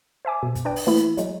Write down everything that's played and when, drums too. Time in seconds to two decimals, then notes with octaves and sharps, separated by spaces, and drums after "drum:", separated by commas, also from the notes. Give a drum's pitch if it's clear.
0.25 C5 E5 G#5 D6
0.43 B2
0.55 drum: kick, hi-hat
0.65 D4 B4 D5 G5
0.76 drum: open hi-hat
0.87 E3 A3 A#3 E4
0.97 drum: hi-hat
1.17 F#3 G#3, drum: hi-hat